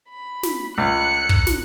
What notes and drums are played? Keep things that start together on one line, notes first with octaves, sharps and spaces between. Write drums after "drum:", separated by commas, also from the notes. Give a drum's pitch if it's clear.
B5
drum: snare
C#2 F#6 C#7
drum: kick
drum: snare